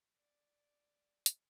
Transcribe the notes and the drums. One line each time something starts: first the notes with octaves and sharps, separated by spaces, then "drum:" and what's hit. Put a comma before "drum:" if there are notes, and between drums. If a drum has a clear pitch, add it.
D5
drum: hi-hat